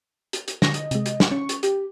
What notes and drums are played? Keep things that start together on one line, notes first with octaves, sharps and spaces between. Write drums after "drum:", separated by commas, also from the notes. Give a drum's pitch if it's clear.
drum: hi-hat
drum: hi-hat
D3 C#6 A#6, drum: snare
D#5, drum: hi-hat
C3 G#3, drum: hi-hat
drum: hi-hat
drum: snare
C#4 C#6
drum: hi-hat
G4, drum: hi-hat